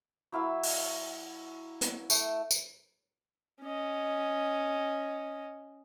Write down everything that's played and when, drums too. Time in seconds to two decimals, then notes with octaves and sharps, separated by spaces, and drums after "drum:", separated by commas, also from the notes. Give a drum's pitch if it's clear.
0.32 F#3 E4 F5 E6
0.63 drum: open hi-hat
1.81 drum: hi-hat
2.10 A3, drum: tambourine
2.51 drum: tambourine
3.62 C#4 D#5